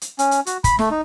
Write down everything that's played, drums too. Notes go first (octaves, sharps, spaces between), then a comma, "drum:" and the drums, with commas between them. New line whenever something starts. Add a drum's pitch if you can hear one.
drum: hi-hat
C#4, drum: hi-hat
drum: hi-hat
F#4, drum: hi-hat
B5, drum: kick, hi-hat
A3, drum: snare
D#4